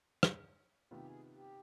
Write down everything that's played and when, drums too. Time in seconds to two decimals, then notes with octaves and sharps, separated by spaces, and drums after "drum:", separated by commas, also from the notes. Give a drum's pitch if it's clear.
0.23 drum: rim click
0.91 C3 D#3 B3 F4 G4
1.06 G#4
1.35 G4